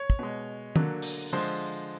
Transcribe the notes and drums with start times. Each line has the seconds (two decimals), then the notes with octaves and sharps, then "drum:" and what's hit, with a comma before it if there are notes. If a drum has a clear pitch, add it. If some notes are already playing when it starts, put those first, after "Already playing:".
Already playing: C#5
0.10 drum: kick
0.19 B2 G#3
0.76 D3 F#3 A#3, drum: tom
1.02 drum: open hi-hat
1.33 D3 F3 G#3 C5